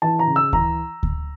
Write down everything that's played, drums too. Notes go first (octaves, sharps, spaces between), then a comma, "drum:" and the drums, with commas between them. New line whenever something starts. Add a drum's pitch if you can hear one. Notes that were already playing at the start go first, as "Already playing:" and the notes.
E3 A5
A#5
C#3
E6
E3 A#5, drum: kick D2
drum: kick D2